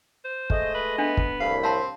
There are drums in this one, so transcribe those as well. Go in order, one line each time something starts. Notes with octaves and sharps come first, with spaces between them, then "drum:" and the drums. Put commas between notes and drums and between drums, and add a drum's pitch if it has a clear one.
C5
G#3 A3 D#5, drum: kick
B4
B3 D4
drum: kick
C2 A2 F5 B5
C4 C5 F5 A5 C6